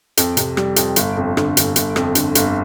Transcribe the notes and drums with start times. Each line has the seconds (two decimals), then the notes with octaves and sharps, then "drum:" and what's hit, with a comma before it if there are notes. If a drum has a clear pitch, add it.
0.17 F2, drum: hi-hat
0.37 C3, drum: hi-hat
0.57 G3, drum: rim click
0.76 F2, drum: hi-hat
0.96 G1, drum: hi-hat
1.17 F2
1.37 D3, drum: rim click
1.57 G1, drum: hi-hat
1.76 G1, drum: hi-hat
1.96 F2, drum: rim click
2.15 D3, drum: hi-hat
2.35 G1, drum: hi-hat